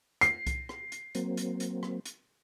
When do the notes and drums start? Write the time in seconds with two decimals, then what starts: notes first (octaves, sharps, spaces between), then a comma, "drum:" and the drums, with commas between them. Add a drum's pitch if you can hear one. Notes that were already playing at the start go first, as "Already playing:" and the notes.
0.21 C7, drum: hi-hat
0.47 drum: kick C2, hi-hat
0.69 drum: rim click
0.92 drum: hi-hat
1.15 F#3 A#3 C4, drum: hi-hat
1.37 drum: hi-hat
1.60 drum: hi-hat
1.83 drum: rim click
2.06 drum: hi-hat